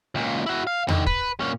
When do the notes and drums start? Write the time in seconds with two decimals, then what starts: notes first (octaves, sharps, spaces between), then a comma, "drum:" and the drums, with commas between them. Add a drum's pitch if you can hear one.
0.15 C#2 A#2
0.46 E4 F#4
0.67 F5
0.88 D3 D#3, drum: tom E2
1.07 B4, drum: kick
1.40 A#2 C#4